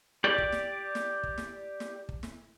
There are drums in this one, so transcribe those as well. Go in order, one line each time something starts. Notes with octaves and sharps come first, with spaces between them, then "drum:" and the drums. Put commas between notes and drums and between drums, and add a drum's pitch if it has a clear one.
G4 D5
drum: kick
drum: snare
drum: snare
drum: kick
drum: snare
drum: snare
drum: kick
drum: snare